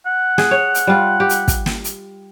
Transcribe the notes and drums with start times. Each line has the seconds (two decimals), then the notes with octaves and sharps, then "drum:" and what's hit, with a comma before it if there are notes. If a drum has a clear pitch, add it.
0.06 F#5
0.38 G#4, drum: snare
0.51 C#5
0.75 drum: hi-hat
0.87 G3 F4
1.20 G4
1.29 drum: hi-hat
1.48 drum: kick, hi-hat
1.66 drum: snare
1.84 drum: hi-hat